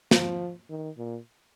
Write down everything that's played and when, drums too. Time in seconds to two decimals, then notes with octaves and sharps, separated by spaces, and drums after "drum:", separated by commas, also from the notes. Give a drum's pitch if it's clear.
0.11 F3, drum: snare
0.70 D#3
0.98 A#2